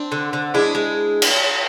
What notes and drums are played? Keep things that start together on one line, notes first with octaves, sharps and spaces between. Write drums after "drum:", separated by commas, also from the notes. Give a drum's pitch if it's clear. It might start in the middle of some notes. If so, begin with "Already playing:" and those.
Already playing: C4 D4
D3
D3
G#3 D4 E4
G#3
drum: cymbal